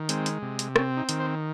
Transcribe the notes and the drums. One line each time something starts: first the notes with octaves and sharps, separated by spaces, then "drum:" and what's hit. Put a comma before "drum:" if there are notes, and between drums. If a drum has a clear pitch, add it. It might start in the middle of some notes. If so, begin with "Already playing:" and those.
Already playing: D#3
G#3 C4, drum: hi-hat
drum: hi-hat
C3
drum: hi-hat
C4 C#4, drum: rim click
D#4
D#3, drum: hi-hat
C5